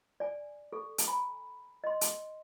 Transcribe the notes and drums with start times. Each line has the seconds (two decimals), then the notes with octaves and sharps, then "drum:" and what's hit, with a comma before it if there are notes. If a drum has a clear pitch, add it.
0.20 D5 G#5
0.73 A4 C#6
0.98 drum: hi-hat
1.08 G#5 A#5 B5
1.84 D#5 C6
2.01 drum: hi-hat